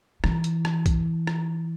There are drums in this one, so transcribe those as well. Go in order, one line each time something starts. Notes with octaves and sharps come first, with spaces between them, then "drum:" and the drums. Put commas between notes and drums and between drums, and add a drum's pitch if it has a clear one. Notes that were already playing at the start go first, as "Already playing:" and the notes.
E3, drum: rim click
drum: hi-hat
drum: rim click
drum: kick, hi-hat
drum: rim click